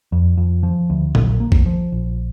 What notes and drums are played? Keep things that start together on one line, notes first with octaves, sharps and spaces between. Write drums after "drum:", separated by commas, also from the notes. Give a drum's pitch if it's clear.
F2
F2
F3
D2
A#1, drum: tom A#2
A#3
drum: kick A#1
F3
A#1